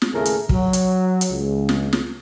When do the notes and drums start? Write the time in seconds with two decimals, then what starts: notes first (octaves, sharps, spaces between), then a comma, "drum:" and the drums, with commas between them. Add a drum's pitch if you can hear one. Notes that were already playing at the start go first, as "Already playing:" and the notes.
0.02 drum: snare
0.13 D#2 A2 C#3 A3 G#4 A#4
0.25 drum: hi-hat
0.49 F#3, drum: kick
0.73 drum: hi-hat
1.21 drum: hi-hat
1.31 C#2
1.69 drum: snare
1.93 drum: snare